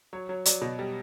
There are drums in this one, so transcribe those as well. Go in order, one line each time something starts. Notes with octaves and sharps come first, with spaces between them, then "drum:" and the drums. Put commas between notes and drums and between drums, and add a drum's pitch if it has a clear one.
F#3 C#5
F#3
F#3 D5, drum: hi-hat
B2
G3